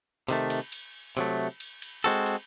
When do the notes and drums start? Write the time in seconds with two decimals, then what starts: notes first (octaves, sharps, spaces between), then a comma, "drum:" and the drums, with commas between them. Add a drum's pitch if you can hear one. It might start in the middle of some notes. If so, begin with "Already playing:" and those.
0.28 C3 D#3 A3, drum: cymbal
0.50 drum: cymbal
0.72 drum: cymbal
1.17 C3 F#3 A3, drum: cymbal
1.60 drum: cymbal
1.82 drum: cymbal
2.04 G#3 C4 F#4 A4, drum: cymbal
2.26 drum: cymbal